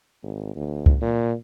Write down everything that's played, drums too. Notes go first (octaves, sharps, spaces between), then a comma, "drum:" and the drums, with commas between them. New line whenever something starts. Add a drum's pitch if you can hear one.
G#1
D2
drum: kick C#2
A#2